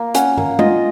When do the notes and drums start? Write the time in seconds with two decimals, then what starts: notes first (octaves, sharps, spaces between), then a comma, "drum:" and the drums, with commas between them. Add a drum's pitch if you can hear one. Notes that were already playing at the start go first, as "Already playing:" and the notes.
Already playing: A#3
0.15 C#4 F#5, drum: hi-hat
0.37 A#3, drum: tom
0.59 F4 D#5, drum: tom G#3